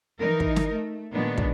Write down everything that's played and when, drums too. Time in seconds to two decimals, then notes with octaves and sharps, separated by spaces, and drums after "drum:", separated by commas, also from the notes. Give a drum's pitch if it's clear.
0.18 E3 D#4 A#4
0.40 drum: kick
0.56 drum: snare
0.73 A3
1.13 A#2 D#3 G#3 B3 D4
1.38 drum: kick